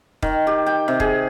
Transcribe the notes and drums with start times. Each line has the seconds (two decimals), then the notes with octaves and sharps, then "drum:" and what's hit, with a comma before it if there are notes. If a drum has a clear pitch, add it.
0.23 D#3, drum: kick
0.47 G4
0.66 G5
0.88 C3
1.00 G#4, drum: kick